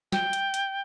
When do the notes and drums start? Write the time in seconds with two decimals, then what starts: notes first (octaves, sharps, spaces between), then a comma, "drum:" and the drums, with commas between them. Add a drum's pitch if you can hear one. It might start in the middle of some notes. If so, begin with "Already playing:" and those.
0.12 G5, drum: snare
0.33 drum: hi-hat
0.54 drum: hi-hat